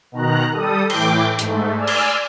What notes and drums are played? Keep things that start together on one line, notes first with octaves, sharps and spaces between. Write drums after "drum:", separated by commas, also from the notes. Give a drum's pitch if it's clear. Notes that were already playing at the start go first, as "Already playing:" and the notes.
B2 D#3 A#5 F#6
G3 A4 D#6
A2 E3 G5 D6, drum: cymbal
G#2 A3, drum: hi-hat
D5 G#5 E6 F6
drum: cymbal